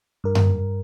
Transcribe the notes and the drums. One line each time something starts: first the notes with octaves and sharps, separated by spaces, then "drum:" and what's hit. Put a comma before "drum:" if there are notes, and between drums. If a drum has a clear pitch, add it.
G2 A#4
drum: tom F#2